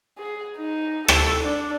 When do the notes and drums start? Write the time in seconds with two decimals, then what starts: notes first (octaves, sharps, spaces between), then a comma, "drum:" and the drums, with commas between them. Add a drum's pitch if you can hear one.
0.18 G#4
0.57 D#4
1.08 A4, drum: rim click
1.44 D4